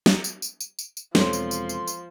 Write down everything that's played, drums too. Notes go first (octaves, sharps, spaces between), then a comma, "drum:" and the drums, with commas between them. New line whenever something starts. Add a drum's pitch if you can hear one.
drum: snare
drum: tambourine
drum: tambourine
drum: tambourine
drum: tambourine
drum: tambourine
E1 F3 C4 A4 C#5 C6, drum: snare
drum: tambourine
drum: tambourine
drum: tambourine
drum: tambourine